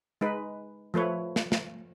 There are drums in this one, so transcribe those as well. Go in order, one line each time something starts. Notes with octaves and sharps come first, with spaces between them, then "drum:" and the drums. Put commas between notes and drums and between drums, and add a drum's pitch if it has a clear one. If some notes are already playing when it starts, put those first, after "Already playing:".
G#3 D#4 B4
F3 A3 B4 C#5
drum: snare
drum: snare